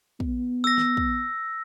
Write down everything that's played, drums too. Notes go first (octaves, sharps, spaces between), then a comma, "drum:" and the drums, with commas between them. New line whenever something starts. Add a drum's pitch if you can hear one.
B3, drum: kick
E6 A#6
drum: snare
drum: kick